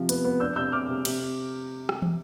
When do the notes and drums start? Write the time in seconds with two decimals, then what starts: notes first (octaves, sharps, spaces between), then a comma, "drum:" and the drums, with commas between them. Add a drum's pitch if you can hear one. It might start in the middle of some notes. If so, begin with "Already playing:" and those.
Already playing: C3 F3
0.09 B3, drum: hi-hat
0.24 B3
0.40 D4 E6 G6
0.56 C3 E6 G6
0.72 C3 D6 F6
0.88 C3
1.05 C3, drum: cymbal
1.89 drum: rim click
2.02 drum: tom